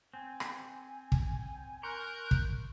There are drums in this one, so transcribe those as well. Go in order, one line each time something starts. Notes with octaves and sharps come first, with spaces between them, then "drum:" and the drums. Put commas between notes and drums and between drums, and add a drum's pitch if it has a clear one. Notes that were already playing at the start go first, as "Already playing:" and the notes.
C4 G#5
drum: rim click
drum: kick
A#4 A#5 C6 C#6 F#6 G6
drum: kick